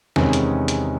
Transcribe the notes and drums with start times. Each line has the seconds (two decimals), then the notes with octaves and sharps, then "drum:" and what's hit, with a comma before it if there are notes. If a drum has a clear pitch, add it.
0.16 E2 C3 D#3 G#3 C#4, drum: snare
0.33 drum: hi-hat
0.68 drum: hi-hat